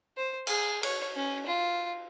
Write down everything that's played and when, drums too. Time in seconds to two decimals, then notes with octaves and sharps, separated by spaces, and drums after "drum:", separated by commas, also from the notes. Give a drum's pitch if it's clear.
0.17 C5
0.47 G#4, drum: cymbal
0.83 C#5, drum: cymbal
1.16 C#4
1.46 F4